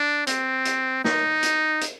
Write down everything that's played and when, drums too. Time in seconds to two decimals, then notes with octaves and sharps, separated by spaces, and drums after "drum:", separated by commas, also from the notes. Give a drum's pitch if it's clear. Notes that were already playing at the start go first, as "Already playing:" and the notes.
Already playing: D4
0.27 C4, drum: hi-hat
0.65 drum: hi-hat
1.04 D#4, drum: snare A#4
1.43 drum: hi-hat
1.81 drum: hi-hat